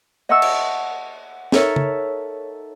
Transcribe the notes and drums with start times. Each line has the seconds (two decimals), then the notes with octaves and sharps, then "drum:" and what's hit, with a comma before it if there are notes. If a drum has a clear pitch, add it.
0.29 D#5 E5 F#5 A5 C#6 E6
0.42 drum: cymbal
1.52 D#4 A4 A#4 C#5 E5, drum: snare
1.76 drum: tom